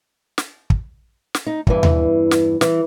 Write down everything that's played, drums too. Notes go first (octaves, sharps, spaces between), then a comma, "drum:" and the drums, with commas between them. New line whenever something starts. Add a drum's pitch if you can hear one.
drum: snare
drum: kick
drum: snare
D#4
E2 G2 E3, drum: kick
drum: tom D#2
drum: snare
E3, drum: snare